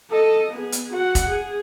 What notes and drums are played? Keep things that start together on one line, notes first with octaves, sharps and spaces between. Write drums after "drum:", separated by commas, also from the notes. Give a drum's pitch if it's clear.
A4 D#5
B3 G#4
drum: hi-hat
F#4 F#5
drum: kick, hi-hat
G#4